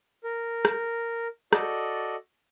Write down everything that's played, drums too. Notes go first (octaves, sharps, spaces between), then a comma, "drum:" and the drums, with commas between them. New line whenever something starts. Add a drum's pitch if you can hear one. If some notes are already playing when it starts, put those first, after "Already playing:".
A#4
drum: rim click
F#4 A4 D5 D#5, drum: rim click